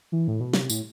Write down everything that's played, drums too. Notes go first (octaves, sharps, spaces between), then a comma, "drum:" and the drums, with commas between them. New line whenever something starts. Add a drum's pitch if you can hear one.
E3
A2
B2
C3, drum: snare
A2, drum: tambourine